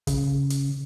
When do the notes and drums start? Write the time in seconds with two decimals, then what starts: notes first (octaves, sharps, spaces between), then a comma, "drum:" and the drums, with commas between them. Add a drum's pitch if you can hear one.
0.07 C#3, drum: kick, hi-hat
0.50 drum: hi-hat